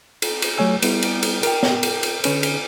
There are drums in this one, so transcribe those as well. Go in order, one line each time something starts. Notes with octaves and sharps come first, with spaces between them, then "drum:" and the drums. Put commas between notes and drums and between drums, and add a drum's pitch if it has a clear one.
drum: cymbal
drum: cymbal
F#3 A3 C#5 G#5 E6
G3 B3 E4, drum: cymbal
drum: cymbal
drum: cymbal
A#4 G5, drum: cymbal
drum: snare
drum: cymbal
drum: cymbal
D3 C#4 B4, drum: cymbal
drum: cymbal